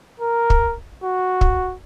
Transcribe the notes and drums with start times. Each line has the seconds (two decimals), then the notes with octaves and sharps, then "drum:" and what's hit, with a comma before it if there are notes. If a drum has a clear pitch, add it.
0.20 A#4
0.50 drum: kick
1.04 F#4
1.41 drum: kick